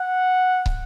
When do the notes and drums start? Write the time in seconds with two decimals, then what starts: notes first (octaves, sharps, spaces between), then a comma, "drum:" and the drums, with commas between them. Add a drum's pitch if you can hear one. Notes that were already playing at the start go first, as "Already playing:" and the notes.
Already playing: F#5
0.66 drum: kick